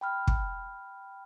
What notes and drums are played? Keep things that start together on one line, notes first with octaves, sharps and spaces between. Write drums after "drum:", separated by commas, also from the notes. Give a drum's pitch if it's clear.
G5 B5 F6
drum: kick